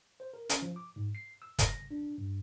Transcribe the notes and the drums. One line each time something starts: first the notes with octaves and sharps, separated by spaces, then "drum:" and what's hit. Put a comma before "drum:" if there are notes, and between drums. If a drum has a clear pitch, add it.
C5
A#4
C#4, drum: hi-hat
F3
D6
G#2
C7
E6
A#6, drum: kick, hi-hat
D4
G2